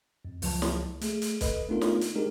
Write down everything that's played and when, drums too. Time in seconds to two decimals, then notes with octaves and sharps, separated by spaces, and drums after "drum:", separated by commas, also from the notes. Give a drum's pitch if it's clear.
0.25 F2
0.42 C#2 F3 F#3 A5, drum: open hi-hat
0.62 drum: snare
1.01 A3 G#4, drum: hi-hat
1.22 drum: hi-hat
1.41 A4 B4 D#5, drum: kick, hi-hat
1.69 A3 B3 D4 D#4 F4 A#4
1.81 drum: snare
2.01 drum: hi-hat
2.16 G#3 D4 D#4 G4 G#4 A#4